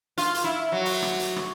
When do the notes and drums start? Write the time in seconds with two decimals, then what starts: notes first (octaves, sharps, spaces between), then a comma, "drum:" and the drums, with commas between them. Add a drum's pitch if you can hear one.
0.18 F4, drum: hi-hat
0.35 drum: hi-hat
0.44 E4
0.72 F#3
0.85 drum: open hi-hat
1.02 drum: rim click
1.19 drum: hi-hat
1.36 drum: rim click